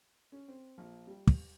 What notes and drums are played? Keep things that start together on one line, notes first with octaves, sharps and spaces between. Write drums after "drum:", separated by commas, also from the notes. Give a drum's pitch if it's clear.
C#4
C4
A#1
G3
drum: kick